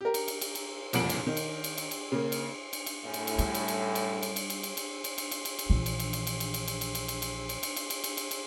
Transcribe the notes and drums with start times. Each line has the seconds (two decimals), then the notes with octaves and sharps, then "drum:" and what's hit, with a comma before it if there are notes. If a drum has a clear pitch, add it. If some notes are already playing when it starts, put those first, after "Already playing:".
0.01 G4 A#4
0.14 drum: cymbal
0.28 drum: cymbal
0.41 drum: cymbal
0.55 drum: cymbal
0.93 F#1 C2 F2 A#2 D7 F#7, drum: cymbal
1.09 drum: cymbal
1.27 D#3
1.37 drum: cymbal
1.64 drum: cymbal
1.78 drum: cymbal
1.91 drum: cymbal
2.12 C#3 A#3
2.32 drum: cymbal
2.73 drum: cymbal
2.86 drum: cymbal
3.04 F#2 A2
3.14 drum: cymbal
3.27 drum: cymbal
3.39 G3, drum: cymbal
3.54 drum: cymbal
3.68 drum: cymbal
3.95 drum: cymbal
4.23 drum: cymbal
4.36 drum: cymbal
4.50 drum: cymbal
4.63 drum: cymbal
4.77 drum: cymbal
5.04 drum: cymbal
5.18 drum: cymbal
5.31 drum: cymbal
5.45 drum: cymbal
5.59 drum: cymbal
5.70 A#1 E3
5.86 drum: cymbal
5.99 drum: cymbal
6.13 drum: cymbal
6.27 drum: cymbal
6.40 drum: cymbal
6.54 drum: cymbal
6.68 drum: cymbal
6.81 drum: cymbal
6.95 drum: cymbal
7.08 drum: cymbal
7.22 drum: cymbal
7.49 drum: cymbal
7.63 drum: cymbal
7.76 drum: cymbal
7.90 drum: cymbal
8.04 drum: cymbal
8.17 drum: cymbal
8.31 drum: cymbal